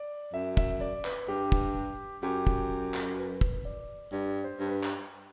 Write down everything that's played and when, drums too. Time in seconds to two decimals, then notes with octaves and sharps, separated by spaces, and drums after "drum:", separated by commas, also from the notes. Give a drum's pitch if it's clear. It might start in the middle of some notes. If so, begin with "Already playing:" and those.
Already playing: D5
0.34 F#2 E5
0.57 E5, drum: kick
0.81 D5
1.05 B4, drum: clap
1.28 G2 G4
1.52 drum: kick
2.23 F#2 G4
2.47 drum: kick
2.94 drum: clap
3.18 B4
3.41 drum: kick
3.65 D5
4.12 G2 D5
4.44 C5
4.60 G2
4.67 B4
4.83 drum: clap